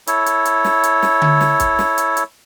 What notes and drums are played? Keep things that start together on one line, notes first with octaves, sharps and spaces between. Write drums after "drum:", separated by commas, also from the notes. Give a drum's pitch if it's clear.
E4 A4 C#5, drum: hi-hat
drum: hi-hat
drum: hi-hat
drum: snare
drum: hi-hat
drum: snare
drum: tom D3
drum: snare
drum: kick, hi-hat
drum: snare
drum: hi-hat
drum: hi-hat